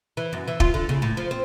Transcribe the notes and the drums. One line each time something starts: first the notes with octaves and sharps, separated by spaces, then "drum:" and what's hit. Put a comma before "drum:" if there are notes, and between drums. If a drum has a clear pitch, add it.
E3
F#2
E3
F4, drum: kick
D3
C#3
A2
F3
C4